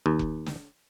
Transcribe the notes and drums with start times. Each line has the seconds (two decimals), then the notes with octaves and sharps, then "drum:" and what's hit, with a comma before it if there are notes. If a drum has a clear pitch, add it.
0.06 D#2
0.19 drum: kick F1
0.46 drum: snare